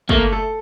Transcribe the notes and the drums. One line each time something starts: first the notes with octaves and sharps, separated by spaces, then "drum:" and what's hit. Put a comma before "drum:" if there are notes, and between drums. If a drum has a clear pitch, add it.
A3 A#3, drum: kick
A4